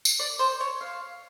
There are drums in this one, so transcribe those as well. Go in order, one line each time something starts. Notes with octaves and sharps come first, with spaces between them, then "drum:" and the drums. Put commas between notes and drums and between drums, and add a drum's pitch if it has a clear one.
drum: tambourine
D5
C5
C#5
F5